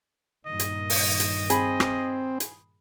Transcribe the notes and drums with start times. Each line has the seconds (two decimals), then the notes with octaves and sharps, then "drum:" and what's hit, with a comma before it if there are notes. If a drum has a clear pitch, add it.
0.46 G2 A#2 D#3 D#5
0.60 drum: hi-hat
0.90 drum: open hi-hat
1.20 drum: hi-hat
1.50 C4 G#4 B5, drum: hi-hat
1.80 drum: rim click
2.40 drum: hi-hat